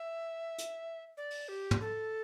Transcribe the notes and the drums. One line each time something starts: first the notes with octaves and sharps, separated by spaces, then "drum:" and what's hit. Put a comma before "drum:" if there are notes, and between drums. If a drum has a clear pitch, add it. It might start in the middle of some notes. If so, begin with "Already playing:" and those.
Already playing: E5
drum: hi-hat
D5
drum: open hi-hat
G4
drum: tom
A4